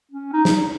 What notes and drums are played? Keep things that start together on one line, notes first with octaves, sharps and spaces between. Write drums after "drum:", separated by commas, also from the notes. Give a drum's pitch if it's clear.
C#4
D#4
D#4, drum: snare
D#4